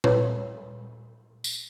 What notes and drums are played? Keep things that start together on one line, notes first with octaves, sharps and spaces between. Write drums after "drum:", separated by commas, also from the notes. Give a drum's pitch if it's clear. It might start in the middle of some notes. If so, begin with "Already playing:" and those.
B4 C#5, drum: tom A#2
drum: tambourine